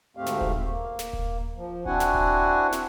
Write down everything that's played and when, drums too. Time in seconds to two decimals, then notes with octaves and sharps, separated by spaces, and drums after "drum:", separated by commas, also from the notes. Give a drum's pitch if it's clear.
0.17 D2 G#2 A3 C4 G4 F5
0.26 drum: snare
0.41 drum: kick D#1
0.69 A#3
0.99 drum: snare
1.13 drum: kick D#1
1.57 F3
1.86 C4 D4 E4 F#4 F#5 G#5, drum: kick D#1
2.00 drum: snare
2.15 drum: kick D#1
2.72 drum: snare